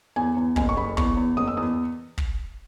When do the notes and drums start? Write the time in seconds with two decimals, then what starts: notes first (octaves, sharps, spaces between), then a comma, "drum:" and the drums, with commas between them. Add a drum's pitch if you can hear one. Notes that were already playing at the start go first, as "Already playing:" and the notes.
0.16 E2 G#5
0.37 E2
0.56 F#1 G#5, drum: kick
0.69 C#6
0.76 F#1 B5
0.97 E2 C#6, drum: kick
1.17 E2
1.37 F#1 D#6
1.48 E6
1.57 E2 D#6
2.18 drum: kick